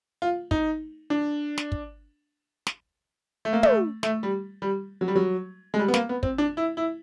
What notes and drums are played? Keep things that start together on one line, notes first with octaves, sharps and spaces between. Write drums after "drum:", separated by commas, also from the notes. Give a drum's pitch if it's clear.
F4
D#4, drum: kick
D4
drum: snare
drum: kick
drum: snare
A3
A#3
A3, drum: tom
A3, drum: snare
G3
G3
F#3
G3
F#3
G#3
G3
B3
A#3, drum: snare
B3
C4, drum: kick
D4
E4
E4